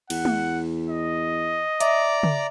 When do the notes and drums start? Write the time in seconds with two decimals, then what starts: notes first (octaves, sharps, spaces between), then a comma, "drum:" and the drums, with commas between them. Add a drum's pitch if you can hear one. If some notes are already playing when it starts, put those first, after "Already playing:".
0.10 E2 F#5, drum: cymbal
0.25 drum: tom G#3
0.89 D#5
1.80 D5 E5 A#5 D6, drum: hi-hat
2.23 drum: tom C#3